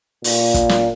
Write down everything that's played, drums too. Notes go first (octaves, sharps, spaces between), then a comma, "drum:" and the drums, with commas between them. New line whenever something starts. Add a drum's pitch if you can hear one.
A#2, drum: open hi-hat
drum: kick, hi-hat
drum: snare